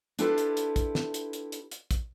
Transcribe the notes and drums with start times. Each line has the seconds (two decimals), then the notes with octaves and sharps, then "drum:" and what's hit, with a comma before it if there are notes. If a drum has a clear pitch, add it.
0.19 D4 E4 F4 G4 A4 B4, drum: hi-hat
0.38 drum: hi-hat
0.57 drum: hi-hat
0.76 drum: kick, hi-hat
0.95 drum: snare
1.14 drum: hi-hat
1.33 drum: hi-hat
1.52 drum: hi-hat
1.71 drum: hi-hat
1.91 drum: kick, hi-hat